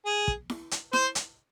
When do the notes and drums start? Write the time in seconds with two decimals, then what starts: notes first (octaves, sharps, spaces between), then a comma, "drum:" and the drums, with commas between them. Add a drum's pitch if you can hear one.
0.06 G#4
0.28 drum: kick
0.50 drum: snare E4
0.71 drum: hi-hat
0.93 C5, drum: snare E4
1.15 drum: hi-hat